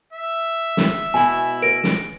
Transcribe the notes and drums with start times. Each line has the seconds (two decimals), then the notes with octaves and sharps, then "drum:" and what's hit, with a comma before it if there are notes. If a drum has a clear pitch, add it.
0.13 E5
0.77 drum: snare
1.14 B2 E4 G#5
1.62 B4 A#6 D7
1.84 drum: snare